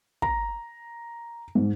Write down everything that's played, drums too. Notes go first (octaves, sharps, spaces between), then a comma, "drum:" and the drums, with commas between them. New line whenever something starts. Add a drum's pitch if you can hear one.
A#5, drum: kick
G#2